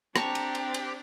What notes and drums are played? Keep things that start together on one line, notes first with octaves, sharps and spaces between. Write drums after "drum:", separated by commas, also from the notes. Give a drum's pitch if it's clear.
C4 D4 G4 A5 A#5 C#6, drum: rim click
drum: cymbal
drum: cymbal
drum: cymbal